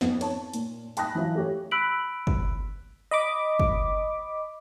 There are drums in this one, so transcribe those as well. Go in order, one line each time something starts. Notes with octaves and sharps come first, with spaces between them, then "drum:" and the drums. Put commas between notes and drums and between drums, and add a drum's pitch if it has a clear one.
F2 B3, drum: snare
C#5 A5, drum: cymbal
A#2, drum: hi-hat
G5 A5 B5 D#6 F#6 A#6, drum: hi-hat
E3 F#3 E4 F4
A3 G4 C#5
B5 E6 F#6 B6 D7 F#7
drum: kick
D#5 B5 D6
drum: kick